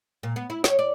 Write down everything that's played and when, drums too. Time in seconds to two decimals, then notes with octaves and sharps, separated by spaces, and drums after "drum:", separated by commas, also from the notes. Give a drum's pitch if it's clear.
0.23 A#2
0.36 B3
0.50 E4
0.64 C#5, drum: snare
0.79 D5